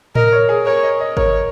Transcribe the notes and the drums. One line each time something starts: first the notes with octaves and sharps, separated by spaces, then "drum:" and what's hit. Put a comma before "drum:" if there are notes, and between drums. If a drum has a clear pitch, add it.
A#4 D#5, drum: tom A2
C#5
G#4
A#4 C#5
D#5
D#5
A#4 C#5, drum: kick G#1